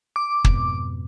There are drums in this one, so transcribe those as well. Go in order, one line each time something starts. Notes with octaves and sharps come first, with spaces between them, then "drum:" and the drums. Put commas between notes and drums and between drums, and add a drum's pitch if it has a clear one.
D6
F2 G#2 B2, drum: kick